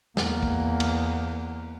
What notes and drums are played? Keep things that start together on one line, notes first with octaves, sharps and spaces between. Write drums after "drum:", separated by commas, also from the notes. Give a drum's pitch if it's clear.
E2 A#3, drum: snare
drum: kick
drum: cymbal